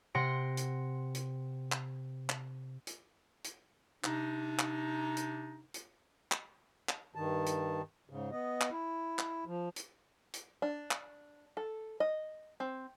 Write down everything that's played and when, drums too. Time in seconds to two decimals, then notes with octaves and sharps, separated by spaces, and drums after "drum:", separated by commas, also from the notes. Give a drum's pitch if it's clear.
0.15 C3 F#5 C6 A#6 D7
0.57 drum: hi-hat
1.15 drum: hi-hat
1.72 drum: clap
2.29 drum: clap
2.87 drum: hi-hat
3.44 drum: hi-hat
4.04 C3 D4 D#4, drum: clap
4.59 drum: clap
5.17 drum: hi-hat
5.74 drum: hi-hat
6.31 drum: clap
6.89 drum: clap
7.15 G2 D#3 A5
7.46 drum: hi-hat
8.10 G#2 C#3
8.32 B3 D#5
8.61 drum: clap
8.71 E4
9.19 drum: clap
9.46 F3
9.76 drum: hi-hat
10.33 drum: hi-hat
10.62 D4
10.91 drum: clap
11.57 A4
12.00 D#5
12.60 C4